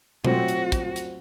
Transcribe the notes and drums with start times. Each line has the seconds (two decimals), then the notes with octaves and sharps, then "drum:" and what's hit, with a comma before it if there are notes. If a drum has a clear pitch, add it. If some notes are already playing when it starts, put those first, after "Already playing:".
0.25 F#3 A3 C4 F4 F#4 C5, drum: tom B2
0.48 drum: hi-hat
0.72 drum: kick, hi-hat
0.96 drum: hi-hat